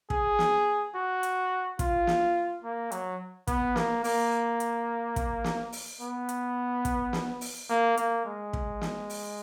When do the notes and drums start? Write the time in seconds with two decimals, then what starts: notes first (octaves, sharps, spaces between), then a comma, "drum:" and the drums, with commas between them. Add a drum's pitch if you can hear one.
0.10 G#4, drum: kick
0.39 drum: snare
0.95 F#4
1.23 drum: hi-hat
1.79 F4, drum: kick, hi-hat
2.07 drum: snare
2.63 A#3
2.92 F#3, drum: hi-hat
3.47 B3, drum: kick, hi-hat
3.76 A#3, drum: snare
4.04 A#3, drum: open hi-hat
4.60 drum: hi-hat
5.16 drum: kick, hi-hat
5.44 drum: snare
5.72 drum: open hi-hat
6.01 B3
6.29 drum: hi-hat
6.85 drum: kick, hi-hat
7.13 drum: snare
7.41 drum: open hi-hat
7.69 A#3
7.97 A#3, drum: hi-hat
8.25 G#3
8.53 drum: kick
8.81 drum: snare
9.10 drum: open hi-hat